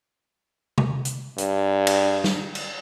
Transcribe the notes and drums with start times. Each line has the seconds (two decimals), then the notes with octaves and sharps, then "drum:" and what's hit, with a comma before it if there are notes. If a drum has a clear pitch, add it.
0.78 drum: tom C3
1.05 drum: hi-hat
1.38 G2, drum: hi-hat
1.87 drum: cymbal
2.24 drum: snare
2.55 drum: cymbal